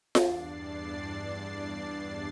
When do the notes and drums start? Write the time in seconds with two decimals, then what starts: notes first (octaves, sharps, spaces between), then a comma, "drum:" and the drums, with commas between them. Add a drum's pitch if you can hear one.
0.15 E2 G2 D4 D5 A6 C7, drum: snare F4